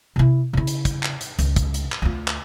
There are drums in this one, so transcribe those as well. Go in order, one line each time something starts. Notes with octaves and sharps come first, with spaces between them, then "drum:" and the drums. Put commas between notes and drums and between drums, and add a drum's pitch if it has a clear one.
C3 E4
C#3 E4
drum: hi-hat
drum: kick, hi-hat
drum: clap
drum: hi-hat
C#2, drum: hi-hat
drum: kick, hi-hat
drum: hi-hat
drum: clap
D2 F4
drum: clap